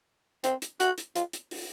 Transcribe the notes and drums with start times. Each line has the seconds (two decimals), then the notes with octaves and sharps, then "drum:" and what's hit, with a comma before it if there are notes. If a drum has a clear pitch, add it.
0.44 C4, drum: hi-hat
0.62 drum: hi-hat
0.80 F#4, drum: hi-hat
0.98 drum: hi-hat
1.16 F4, drum: hi-hat
1.33 drum: hi-hat
1.51 drum: open hi-hat